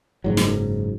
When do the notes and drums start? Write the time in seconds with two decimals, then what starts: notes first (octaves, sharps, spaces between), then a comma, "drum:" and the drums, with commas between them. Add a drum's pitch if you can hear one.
0.24 F#1 G#2 F#3
0.37 drum: snare